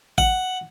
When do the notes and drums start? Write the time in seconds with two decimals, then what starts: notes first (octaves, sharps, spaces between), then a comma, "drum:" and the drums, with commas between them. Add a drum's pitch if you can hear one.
0.18 F#5, drum: kick A1